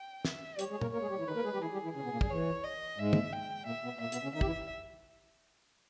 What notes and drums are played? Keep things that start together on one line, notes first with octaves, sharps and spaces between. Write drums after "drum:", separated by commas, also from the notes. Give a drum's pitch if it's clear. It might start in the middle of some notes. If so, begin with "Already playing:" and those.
Already playing: G5
E5, drum: snare
G3 G4 C#5, drum: hi-hat
G#3 G#4
A#3 A#4, drum: tom
A#3 A#4 C#5
G#3 G#4
G3 G4
E3 E4
D#3 D#4 B4
A#3 A#4
G#3 G#4
G3 G4
E3 E4 G#4
G3 G4
E3 E4
C#3 C#4 G#4
B2 B3
A#2 A#3
G2 G3, drum: kick
E3 C#5
D#5
G#2 G#3 E5
drum: tom
G5
A#2 A#3 E5
B2 B3
A#2 A#3 E5
B2 B3, drum: hi-hat
C#3 C#4
D#3 D#4 E5
G4, drum: kick
E3 E4